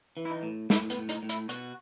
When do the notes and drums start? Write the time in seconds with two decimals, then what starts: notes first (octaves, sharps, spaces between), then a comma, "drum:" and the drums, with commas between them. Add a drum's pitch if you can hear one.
0.17 E3
0.25 E4
0.30 D#4
0.43 A2
0.70 A2 E4, drum: snare
0.90 B3, drum: hi-hat
0.97 A2
1.09 D#4, drum: hi-hat
1.23 A2
1.29 E4, drum: hi-hat
1.49 B2 F#4, drum: hi-hat